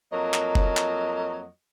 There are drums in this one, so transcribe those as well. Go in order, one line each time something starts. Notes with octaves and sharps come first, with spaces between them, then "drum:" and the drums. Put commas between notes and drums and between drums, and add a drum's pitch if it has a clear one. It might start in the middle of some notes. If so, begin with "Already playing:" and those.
F2 F#3 A#3 D#5
drum: clap
drum: kick F1
drum: clap